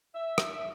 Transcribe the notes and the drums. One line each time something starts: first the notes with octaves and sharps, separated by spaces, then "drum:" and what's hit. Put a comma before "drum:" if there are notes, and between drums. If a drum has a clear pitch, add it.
E5
drum: rim click